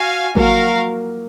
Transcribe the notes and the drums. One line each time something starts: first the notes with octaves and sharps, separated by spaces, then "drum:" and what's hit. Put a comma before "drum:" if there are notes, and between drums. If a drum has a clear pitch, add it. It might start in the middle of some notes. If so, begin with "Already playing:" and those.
Already playing: F#4 F5 G#5
F#3 A#3 F#4 A#4 F5, drum: kick